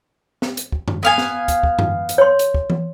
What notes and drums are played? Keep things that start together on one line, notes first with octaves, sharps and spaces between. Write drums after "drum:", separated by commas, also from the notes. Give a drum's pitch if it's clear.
drum: snare
drum: hi-hat
drum: kick
drum: tom F#2
B3 F5 G#5
drum: snare
drum: kick, hi-hat
drum: kick
drum: tom F#2
drum: hi-hat
C#5 C6
drum: hi-hat
drum: kick
drum: tom E3